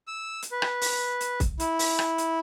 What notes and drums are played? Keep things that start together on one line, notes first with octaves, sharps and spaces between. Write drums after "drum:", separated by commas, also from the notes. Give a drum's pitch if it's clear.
E6
drum: hi-hat
B4
drum: rim click
drum: open hi-hat
drum: hi-hat
drum: kick, hi-hat
E4, drum: hi-hat
drum: open hi-hat
drum: rim click
drum: hi-hat